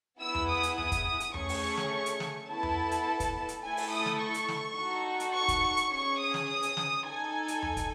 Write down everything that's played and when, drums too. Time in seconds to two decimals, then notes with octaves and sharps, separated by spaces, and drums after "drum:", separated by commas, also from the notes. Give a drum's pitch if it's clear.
0.20 B3 E4 G#4 E6
0.35 drum: tom E2
0.48 D#6
0.63 drum: hi-hat
0.78 D#6, drum: tom E2
0.92 drum: kick, hi-hat
1.20 drum: hi-hat
1.34 A3 C#4 G#4 C#6, drum: tom E2
1.49 drum: open hi-hat
1.77 drum: snare
2.06 drum: hi-hat
2.20 drum: snare
2.49 B3 E4 A4 A5
2.63 drum: tom E2
2.91 drum: hi-hat
3.20 drum: kick, hi-hat
3.49 drum: hi-hat
3.63 A3 E4 A4 G#5
3.77 drum: open hi-hat
3.92 D#6
4.06 drum: snare
4.19 C#6
4.34 drum: hi-hat
4.48 drum: snare
4.77 D#4 F#4 A4
5.20 drum: hi-hat
5.34 C#6
5.48 drum: kick, hi-hat
5.77 drum: hi-hat
5.91 C#4 G#4 C#6
6.20 D#6
6.34 drum: snare
6.48 D#6
6.63 drum: hi-hat
6.77 drum: snare
7.05 D#4 A4 G#5
7.48 drum: hi-hat
7.62 drum: tom E2
7.77 drum: kick, hi-hat